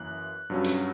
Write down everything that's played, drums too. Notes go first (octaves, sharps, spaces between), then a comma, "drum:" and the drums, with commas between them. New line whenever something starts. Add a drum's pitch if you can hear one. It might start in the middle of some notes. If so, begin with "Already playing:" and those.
Already playing: F#2 E3 A#3 F#6
G2 F#3 C#4
drum: hi-hat